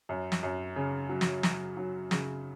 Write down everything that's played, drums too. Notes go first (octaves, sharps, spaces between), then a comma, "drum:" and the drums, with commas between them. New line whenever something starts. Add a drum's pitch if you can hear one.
F#2
drum: snare
F#2
C#3
F#3
drum: snare
F#3, drum: snare
F#3
C#3, drum: snare